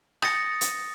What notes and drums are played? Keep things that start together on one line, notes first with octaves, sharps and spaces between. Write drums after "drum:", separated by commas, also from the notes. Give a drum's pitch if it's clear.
D#6 A6 A#6 C#7, drum: rim click
drum: hi-hat